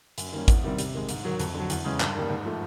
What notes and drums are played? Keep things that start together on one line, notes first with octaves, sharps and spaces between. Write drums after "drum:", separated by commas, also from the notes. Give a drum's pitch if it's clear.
F#2, drum: hi-hat
D#3 G3 A#3 C#4
E2, drum: kick, hi-hat
C3 D#3 G3 C4
C3, drum: hi-hat
D#3 G#3
G#2, drum: hi-hat
D#3 F#3
F2, drum: hi-hat
D3 F#3
E2, drum: hi-hat
C#3 E3 G#3 C#4
G2, drum: clap
D#3 G3 A#3
G#2
F3 A3